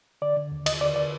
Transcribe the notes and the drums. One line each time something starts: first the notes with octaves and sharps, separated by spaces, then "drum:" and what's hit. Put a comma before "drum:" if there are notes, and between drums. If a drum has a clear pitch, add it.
D3 D5
D3
D#2
D#2 D#5, drum: cymbal
D3 D5
D3 D5